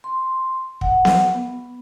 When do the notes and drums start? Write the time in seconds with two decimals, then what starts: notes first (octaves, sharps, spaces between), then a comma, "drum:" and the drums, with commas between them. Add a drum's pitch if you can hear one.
0.04 C6
0.81 F#5, drum: kick
1.05 drum: snare B3
1.34 B3